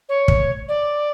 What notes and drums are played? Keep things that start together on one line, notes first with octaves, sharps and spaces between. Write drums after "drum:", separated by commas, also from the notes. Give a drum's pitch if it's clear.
C#5
drum: kick
D5